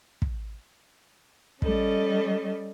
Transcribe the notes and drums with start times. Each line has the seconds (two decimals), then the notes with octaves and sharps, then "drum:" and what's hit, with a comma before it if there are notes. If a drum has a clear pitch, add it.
0.22 drum: kick
1.62 G3 C#4 A4 D#5, drum: kick